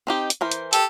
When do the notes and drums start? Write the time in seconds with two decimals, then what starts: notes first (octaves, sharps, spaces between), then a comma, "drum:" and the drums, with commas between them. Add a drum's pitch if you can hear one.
0.07 C4 D#4 G4
0.30 drum: hi-hat
0.41 E3 A#4 C5
0.52 drum: hi-hat
0.73 G4 A4, drum: hi-hat